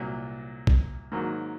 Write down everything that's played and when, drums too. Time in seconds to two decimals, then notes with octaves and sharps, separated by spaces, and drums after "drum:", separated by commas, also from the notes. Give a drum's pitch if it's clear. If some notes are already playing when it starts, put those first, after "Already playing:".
Already playing: C2 A#2 F#3
0.67 drum: kick
1.12 G#2 D#3 F#3 A#3